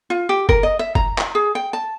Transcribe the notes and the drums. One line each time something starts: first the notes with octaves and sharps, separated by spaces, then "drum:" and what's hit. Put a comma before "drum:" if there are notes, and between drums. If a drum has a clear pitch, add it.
F4
G4
A#4, drum: kick F#1
D#5
E5
A#5, drum: kick F#1
drum: clap
G#4
G5
A5